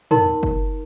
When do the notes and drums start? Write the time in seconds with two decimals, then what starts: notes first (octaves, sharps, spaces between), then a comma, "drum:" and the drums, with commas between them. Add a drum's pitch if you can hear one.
0.11 D#4 A#4 C6, drum: tom
0.43 drum: kick F#1